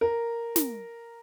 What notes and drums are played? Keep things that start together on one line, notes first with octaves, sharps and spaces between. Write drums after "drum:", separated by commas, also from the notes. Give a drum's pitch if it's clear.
A#4
drum: snare